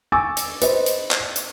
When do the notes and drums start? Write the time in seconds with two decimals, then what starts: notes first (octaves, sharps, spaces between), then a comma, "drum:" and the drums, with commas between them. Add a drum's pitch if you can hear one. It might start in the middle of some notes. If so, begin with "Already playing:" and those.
0.12 G#5 C#6 D6 E6 A6
0.37 drum: hi-hat
0.62 B4 C5 D#5, drum: hi-hat
0.86 drum: hi-hat
1.11 drum: clap
1.36 drum: hi-hat